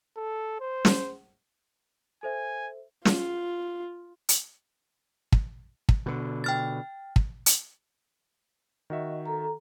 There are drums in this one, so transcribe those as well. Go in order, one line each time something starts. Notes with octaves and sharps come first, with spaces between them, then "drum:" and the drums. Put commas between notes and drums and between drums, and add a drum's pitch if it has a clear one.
A4
C5
drum: snare
A4 C5 E5 G#5
F4, drum: snare
drum: hi-hat
drum: kick
drum: kick
B2 D3
G5 F6 A6
drum: kick
drum: hi-hat
D#3 F#4 D#5 E5
A4 A#5